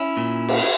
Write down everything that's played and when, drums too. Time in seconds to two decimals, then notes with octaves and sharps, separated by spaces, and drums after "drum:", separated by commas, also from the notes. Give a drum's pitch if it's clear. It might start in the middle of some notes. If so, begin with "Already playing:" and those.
Already playing: C#4 E4
0.17 A#2
0.49 drum: cymbal